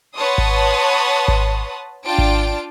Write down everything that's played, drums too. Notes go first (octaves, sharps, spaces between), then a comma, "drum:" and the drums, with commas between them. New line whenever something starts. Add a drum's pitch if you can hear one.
B4 C#5 F#5 A5 C6 D#6
drum: kick G#1
drum: kick G#1
D4 F4 G5 A5 D7
drum: kick G#1